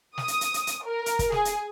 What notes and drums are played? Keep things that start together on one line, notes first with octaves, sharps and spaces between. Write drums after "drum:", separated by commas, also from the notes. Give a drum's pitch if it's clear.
D#6, drum: snare
drum: hi-hat
drum: hi-hat
drum: hi-hat
drum: hi-hat
A#4
drum: hi-hat
drum: kick, hi-hat
G#4, drum: snare
drum: hi-hat